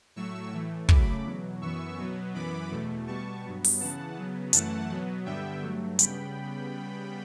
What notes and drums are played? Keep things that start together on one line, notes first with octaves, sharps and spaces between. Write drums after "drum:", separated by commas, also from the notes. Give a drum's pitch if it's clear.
A2 F#3 A3 C#6 E6
A2 E3 A3
C#3 F#3 A3 B5 D6, drum: kick
E2 B2 F#3
F#2 E3 B3 C#6 E6
B2 F#3 B3
F#2 E3 B3 B5 D6
E2 B2 A3
B2 G3 B3 A5 C#6
G2 F#3 B3
drum: open hi-hat
C#3 E3 B3 F#5 A5
C#3 F#3 B3
F#2 E3 A3 F#5 A5, drum: hi-hat
B2 F#3 B3
G2 D3 G3 B3 E5 G5
G2 F#3 A3
C#3 G3 B3 G5 B5, drum: hi-hat